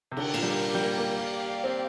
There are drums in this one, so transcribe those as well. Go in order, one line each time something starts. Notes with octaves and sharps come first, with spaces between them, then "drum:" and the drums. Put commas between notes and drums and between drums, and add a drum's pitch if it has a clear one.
C3
D3 G4 A#4 G5, drum: cymbal
A#2, drum: cymbal
G3
A#3
G3
A#3
A#3
G4 D5 F5
C4